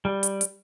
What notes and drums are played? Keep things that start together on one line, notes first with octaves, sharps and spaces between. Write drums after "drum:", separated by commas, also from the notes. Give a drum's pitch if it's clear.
G3
drum: hi-hat
drum: hi-hat